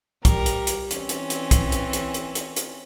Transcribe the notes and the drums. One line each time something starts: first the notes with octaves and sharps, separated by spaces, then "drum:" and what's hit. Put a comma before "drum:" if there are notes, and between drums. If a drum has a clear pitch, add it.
G3 A#4, drum: kick, hi-hat
drum: hi-hat
drum: hi-hat
E3 C4 C#4, drum: hi-hat
drum: hi-hat
drum: hi-hat
drum: kick, hi-hat
drum: hi-hat
drum: hi-hat
drum: hi-hat
drum: hi-hat
drum: hi-hat